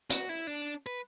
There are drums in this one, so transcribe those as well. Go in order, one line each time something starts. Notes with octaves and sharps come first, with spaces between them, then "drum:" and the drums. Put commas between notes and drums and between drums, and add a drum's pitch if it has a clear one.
F#4, drum: hi-hat
E4
D4
B4